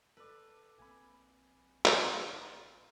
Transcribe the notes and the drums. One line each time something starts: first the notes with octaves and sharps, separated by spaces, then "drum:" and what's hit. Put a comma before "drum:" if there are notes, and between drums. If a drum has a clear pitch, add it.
A4 B4 D5
A#1 A#3 C4 G#5 B5
drum: clap
F4